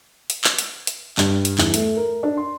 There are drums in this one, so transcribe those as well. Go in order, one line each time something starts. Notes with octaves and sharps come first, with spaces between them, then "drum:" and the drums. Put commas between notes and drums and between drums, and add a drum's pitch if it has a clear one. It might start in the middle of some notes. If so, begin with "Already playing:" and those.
drum: hi-hat
drum: clap
drum: hi-hat
drum: hi-hat
G2, drum: clap
drum: hi-hat
E2, drum: clap
A3, drum: hi-hat
A#4
D4
C6